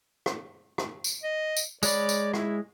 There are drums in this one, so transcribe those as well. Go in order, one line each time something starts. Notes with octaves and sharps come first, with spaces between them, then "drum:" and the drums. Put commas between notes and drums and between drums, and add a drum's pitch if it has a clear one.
drum: rim click
drum: rim click
drum: tambourine
D#5
drum: tambourine
G#3 C#5 D5 B5, drum: tambourine
drum: tambourine
E4, drum: rim click